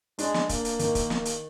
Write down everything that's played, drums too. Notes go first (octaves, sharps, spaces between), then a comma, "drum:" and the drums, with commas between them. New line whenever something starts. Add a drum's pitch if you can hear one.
G#3 D4, drum: hi-hat
drum: snare
A#3, drum: kick, hi-hat
drum: hi-hat
D#3, drum: hi-hat
drum: kick, hi-hat
drum: snare
drum: hi-hat